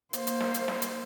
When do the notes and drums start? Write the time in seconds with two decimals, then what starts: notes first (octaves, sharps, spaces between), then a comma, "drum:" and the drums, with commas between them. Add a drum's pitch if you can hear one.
0.13 A#3 C5, drum: hi-hat
0.27 drum: hi-hat
0.41 drum: snare
0.54 drum: hi-hat
0.68 drum: snare
0.82 drum: hi-hat